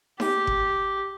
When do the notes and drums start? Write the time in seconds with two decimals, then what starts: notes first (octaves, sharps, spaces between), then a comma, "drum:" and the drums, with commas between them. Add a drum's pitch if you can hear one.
0.20 G4, drum: snare D#4
0.47 drum: kick F#1